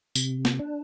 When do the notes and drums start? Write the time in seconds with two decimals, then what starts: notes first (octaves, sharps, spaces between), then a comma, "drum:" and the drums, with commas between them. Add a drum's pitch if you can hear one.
0.15 C3, drum: tambourine
0.45 drum: snare
0.59 D4